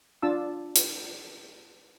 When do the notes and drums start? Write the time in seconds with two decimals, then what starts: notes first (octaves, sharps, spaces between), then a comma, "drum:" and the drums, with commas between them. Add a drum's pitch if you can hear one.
0.22 D4 F4 A5 E6
0.76 drum: hi-hat